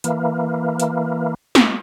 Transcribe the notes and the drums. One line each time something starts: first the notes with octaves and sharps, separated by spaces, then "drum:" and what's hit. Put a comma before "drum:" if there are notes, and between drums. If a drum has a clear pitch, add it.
E3 A#3, drum: hi-hat
drum: hi-hat
drum: snare